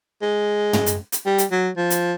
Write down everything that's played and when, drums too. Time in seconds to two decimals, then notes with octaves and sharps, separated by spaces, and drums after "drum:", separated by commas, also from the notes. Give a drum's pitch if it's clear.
0.22 G#3
0.73 drum: tom
0.86 drum: hi-hat
1.12 drum: hi-hat
1.26 G3
1.38 drum: hi-hat
1.51 F#3
1.77 F3
1.90 drum: hi-hat